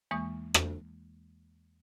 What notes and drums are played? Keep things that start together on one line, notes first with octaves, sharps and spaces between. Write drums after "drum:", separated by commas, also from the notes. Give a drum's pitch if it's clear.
E2 E3 G#3 A#3 C#6 D#6
drum: rim click